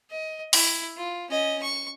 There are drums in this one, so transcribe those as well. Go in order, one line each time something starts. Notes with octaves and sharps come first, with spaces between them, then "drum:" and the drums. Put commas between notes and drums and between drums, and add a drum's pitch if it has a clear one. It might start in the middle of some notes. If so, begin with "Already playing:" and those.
D#5
E4, drum: open hi-hat
F4
C#4 D#5
C#6